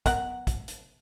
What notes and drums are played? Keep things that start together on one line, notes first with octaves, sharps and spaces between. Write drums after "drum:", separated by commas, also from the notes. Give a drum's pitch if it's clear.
B3 A#4 F#5, drum: kick, hi-hat
drum: kick, hi-hat
drum: hi-hat